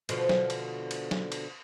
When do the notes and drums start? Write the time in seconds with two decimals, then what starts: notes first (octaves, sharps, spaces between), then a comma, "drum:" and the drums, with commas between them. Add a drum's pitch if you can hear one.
0.09 B2 D3 F3, drum: cymbal
0.29 drum: snare F#3
0.50 drum: cymbal
0.91 drum: cymbal
1.11 drum: snare F#3
1.32 drum: cymbal